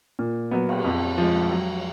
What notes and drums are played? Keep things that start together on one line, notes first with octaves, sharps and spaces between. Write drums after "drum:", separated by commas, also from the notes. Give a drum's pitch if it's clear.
A#2
F#3 B3
drum: cymbal
F2
F3 G#3
F#3